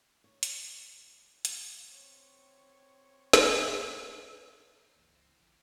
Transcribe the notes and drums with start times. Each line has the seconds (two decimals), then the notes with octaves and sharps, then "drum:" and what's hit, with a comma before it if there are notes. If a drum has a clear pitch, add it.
0.24 C#5
0.43 drum: hi-hat
1.45 drum: hi-hat
1.90 C4 C#5
3.33 drum: snare
4.76 D#4 C5
4.96 G1 C#2 A#2 E3
5.14 C4
5.40 F1 A#1 D3 F3 A#3 G4